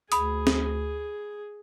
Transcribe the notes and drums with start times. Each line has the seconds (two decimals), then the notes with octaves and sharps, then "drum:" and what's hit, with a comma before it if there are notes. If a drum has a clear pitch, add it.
0.12 D2 G#4 B5 D#6, drum: hi-hat
0.47 drum: snare